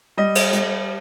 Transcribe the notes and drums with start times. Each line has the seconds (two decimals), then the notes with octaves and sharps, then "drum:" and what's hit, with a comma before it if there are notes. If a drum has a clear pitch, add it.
0.17 G3 D#5
0.35 drum: cymbal
0.53 G3, drum: hi-hat